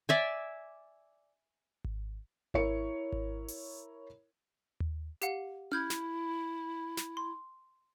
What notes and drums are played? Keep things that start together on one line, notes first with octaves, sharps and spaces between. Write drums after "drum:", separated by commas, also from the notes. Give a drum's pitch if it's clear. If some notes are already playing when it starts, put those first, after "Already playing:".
D5 E5 G#5
drum: kick G#1
E4 A#4 C#5 C#7, drum: kick G#1
drum: kick G#1
drum: open hi-hat
drum: tom D#2
G4 F5 F#5, drum: hi-hat
E4 F6 G6 G#6, drum: tom C#4
drum: snare
drum: snare
C6